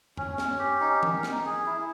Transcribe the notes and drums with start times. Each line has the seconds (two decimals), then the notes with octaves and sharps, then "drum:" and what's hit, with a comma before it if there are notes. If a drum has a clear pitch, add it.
0.17 C#4, drum: tom F2
0.38 C#4, drum: snare
0.59 G4
0.80 D#4
1.03 A#4, drum: tom E3
1.23 D#4, drum: snare
1.45 G#4
1.66 E4